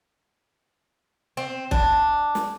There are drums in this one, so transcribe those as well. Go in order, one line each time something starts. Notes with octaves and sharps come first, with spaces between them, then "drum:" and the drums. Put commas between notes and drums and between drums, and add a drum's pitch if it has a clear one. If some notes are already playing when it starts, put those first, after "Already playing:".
C4
D4, drum: kick
drum: snare